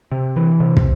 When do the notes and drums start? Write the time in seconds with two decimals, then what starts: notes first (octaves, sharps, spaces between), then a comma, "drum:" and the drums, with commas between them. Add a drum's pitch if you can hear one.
0.12 C3
0.36 E3
0.60 C3
0.77 drum: kick